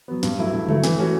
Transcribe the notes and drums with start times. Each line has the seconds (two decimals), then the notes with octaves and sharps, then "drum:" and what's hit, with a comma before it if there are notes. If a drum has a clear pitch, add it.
0.08 F#3 B3
0.23 G2, drum: snare
0.39 F#3 A3 E4
0.53 G2
0.69 F#3 A3 E4, drum: tom C#3
0.84 E3, drum: snare
0.98 A3 C#4 F#4